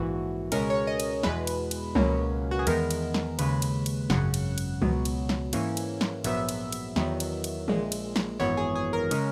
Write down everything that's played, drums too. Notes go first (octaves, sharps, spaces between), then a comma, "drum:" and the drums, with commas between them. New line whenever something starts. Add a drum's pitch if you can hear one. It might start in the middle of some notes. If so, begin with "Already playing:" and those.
Already playing: A#1 G#2 E3 F#4
C#2 B2 G#3 C#4 A#4, drum: cymbal
C#5
D#5
drum: cymbal
E2 B2 G#3 B4, drum: snare
drum: cymbal
drum: cymbal
C#2 B2 F#3 A#3 C#4, drum: tom
F#4
G#4
E2 D#3 G#3 B3 A#4, drum: cymbal
drum: cymbal
drum: snare
D#2 C#3 G#3 B4, drum: cymbal
drum: cymbal
drum: cymbal
G#1 F#2 C#3 F#5, drum: snare
drum: cymbal
drum: cymbal
C#2 B2 F#3 B3, drum: tom
drum: cymbal
drum: snare
G#2 E3 A#3 C#4, drum: cymbal
drum: cymbal
drum: snare
A#1 G#2 F#3 B3 E5, drum: cymbal
drum: cymbal
drum: cymbal
E2 D#3 F#3 B3, drum: snare
drum: cymbal
drum: cymbal
A#1 A#2 G#3, drum: tom
drum: cymbal
drum: snare
G#1 F#2 E3 B3 C#5
G#4
G#4
A#4
C#3 G#3 C#4, drum: cymbal